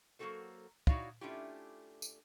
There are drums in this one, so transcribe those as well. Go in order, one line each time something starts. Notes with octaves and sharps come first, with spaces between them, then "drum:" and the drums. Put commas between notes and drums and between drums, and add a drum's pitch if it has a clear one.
F#3 A#3 D#4 F#4 A4 C5
D#4 E4 F#4 C#5 D5 F5, drum: kick
A3 C#4 D4 E4 F4 G4
drum: tambourine